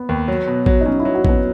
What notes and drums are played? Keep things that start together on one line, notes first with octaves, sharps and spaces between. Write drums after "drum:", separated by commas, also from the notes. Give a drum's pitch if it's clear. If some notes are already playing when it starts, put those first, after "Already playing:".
Already playing: B3
D#2
F#3
B2
F#3, drum: kick
D#4
F#3 C#4
E4
F#3
F#4
F#3 B3, drum: kick